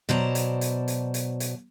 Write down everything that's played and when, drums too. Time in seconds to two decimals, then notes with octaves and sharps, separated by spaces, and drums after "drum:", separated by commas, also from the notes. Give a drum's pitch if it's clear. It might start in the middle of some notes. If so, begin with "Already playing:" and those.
0.09 B2 F#3 C5 D5 A5 A#5
0.35 drum: hi-hat
0.61 drum: hi-hat
0.88 drum: hi-hat
1.14 drum: hi-hat
1.40 drum: hi-hat